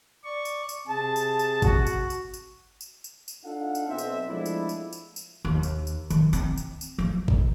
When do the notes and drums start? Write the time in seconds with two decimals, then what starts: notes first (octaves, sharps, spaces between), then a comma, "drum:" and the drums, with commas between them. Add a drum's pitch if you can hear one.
0.24 D5 C#6
0.45 drum: tambourine
0.69 drum: tambourine
0.87 C3 G#4 A5
1.16 drum: tambourine
1.39 drum: tambourine
1.62 F#4, drum: kick, tambourine
1.87 drum: tambourine
2.10 drum: tambourine
2.34 drum: tambourine
2.81 drum: tambourine
3.04 drum: tambourine
3.28 drum: tambourine
3.45 D4 D#4 F4 A4 F5 F#5
3.75 drum: tambourine
3.88 B1 C4 E5
3.98 drum: tambourine
4.28 F3 G#3 A3 B3 D4 E4
4.46 drum: tambourine
4.69 drum: tambourine
4.93 drum: tambourine
5.16 drum: tambourine
5.45 D#2
5.63 drum: tambourine
5.87 drum: tambourine
6.10 D#3, drum: tambourine
6.33 C4, drum: tambourine
6.57 drum: tambourine
6.81 drum: tambourine
6.98 F3
7.28 drum: kick